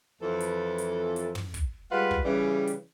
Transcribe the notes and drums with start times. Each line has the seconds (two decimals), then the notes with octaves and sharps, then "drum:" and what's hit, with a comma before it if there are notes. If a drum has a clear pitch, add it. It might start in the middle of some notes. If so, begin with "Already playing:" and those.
0.22 F2 E3 A4
0.40 drum: hi-hat
0.78 drum: hi-hat
1.16 drum: hi-hat
1.35 drum: tom
1.54 drum: kick, hi-hat
1.91 G3 G#3 F4 B4 F5 F#5
2.11 drum: kick
2.24 C#3 E3 G3
2.67 drum: hi-hat